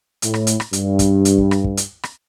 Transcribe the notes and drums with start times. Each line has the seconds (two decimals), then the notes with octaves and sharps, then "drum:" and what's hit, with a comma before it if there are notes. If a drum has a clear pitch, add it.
0.22 A2, drum: hi-hat
0.34 drum: rim click
0.47 drum: hi-hat
0.60 drum: rim click
0.73 G2, drum: hi-hat
0.99 drum: kick, hi-hat
1.25 drum: hi-hat
1.38 drum: kick
1.51 drum: rim click
1.64 drum: kick
1.77 drum: hi-hat
2.03 drum: rim click